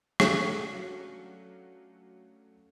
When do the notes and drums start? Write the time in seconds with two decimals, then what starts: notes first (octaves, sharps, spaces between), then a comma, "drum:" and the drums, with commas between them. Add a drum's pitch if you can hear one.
0.20 F#3 A3 C#4 D4 F4 F#4, drum: rim click